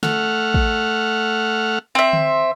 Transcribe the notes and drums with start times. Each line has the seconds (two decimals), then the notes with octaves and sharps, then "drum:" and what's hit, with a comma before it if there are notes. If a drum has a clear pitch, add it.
0.03 A3 F#5 F6, drum: snare
0.54 drum: kick
1.95 C4 E5
2.13 drum: tom D3